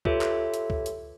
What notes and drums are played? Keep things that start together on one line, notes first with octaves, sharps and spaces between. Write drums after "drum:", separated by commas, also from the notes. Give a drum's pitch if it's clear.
F4 G4 A4 B4 C#5 E5, drum: kick C#2
drum: clap
drum: hi-hat
drum: kick C#2
drum: hi-hat